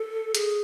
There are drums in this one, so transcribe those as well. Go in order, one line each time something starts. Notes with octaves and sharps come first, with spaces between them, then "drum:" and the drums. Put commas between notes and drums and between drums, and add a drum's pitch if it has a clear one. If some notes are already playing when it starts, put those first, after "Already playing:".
Already playing: A4
G#4, drum: hi-hat